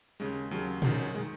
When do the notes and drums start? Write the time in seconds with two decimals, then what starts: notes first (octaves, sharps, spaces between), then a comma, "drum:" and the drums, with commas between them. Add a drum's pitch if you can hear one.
0.20 D#2 C#3 G#3
0.51 D#2 C#3 F#3
0.82 G#1 F#2 D#3, drum: tom A#2
1.15 G#3
1.18 D#3